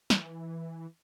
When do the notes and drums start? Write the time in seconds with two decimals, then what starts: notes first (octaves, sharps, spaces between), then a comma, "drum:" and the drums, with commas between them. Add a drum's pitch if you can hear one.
0.10 E3, drum: snare